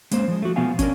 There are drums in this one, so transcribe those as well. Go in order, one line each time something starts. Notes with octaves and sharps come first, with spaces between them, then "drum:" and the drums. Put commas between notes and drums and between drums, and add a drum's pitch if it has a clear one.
G#3 A#3 C#4 C5, drum: hi-hat
F3 G#3
A3 F#4
B2 F3 B3 F5 G#5
C#4 D4 A#4, drum: kick, hi-hat